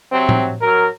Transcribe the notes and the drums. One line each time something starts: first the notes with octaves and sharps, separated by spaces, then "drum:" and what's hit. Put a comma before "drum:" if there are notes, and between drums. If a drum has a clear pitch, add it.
C3 F#3 C4
drum: tom A2
F#3 A#4